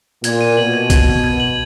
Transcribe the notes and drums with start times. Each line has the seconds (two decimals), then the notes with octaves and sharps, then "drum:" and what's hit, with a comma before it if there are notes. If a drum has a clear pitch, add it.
0.24 A#2 G#6, drum: hi-hat
0.41 D#7
0.57 B2 F#7
0.74 G#6
0.90 G#6, drum: kick B1, hi-hat
1.07 G#6
1.24 G#6
1.40 F#7